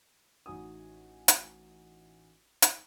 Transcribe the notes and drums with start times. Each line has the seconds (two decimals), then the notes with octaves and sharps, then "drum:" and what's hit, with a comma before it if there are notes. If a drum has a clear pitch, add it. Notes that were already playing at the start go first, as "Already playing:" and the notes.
0.46 A1 D#4 F#4 G#5 D#6
1.28 drum: hi-hat
2.62 drum: hi-hat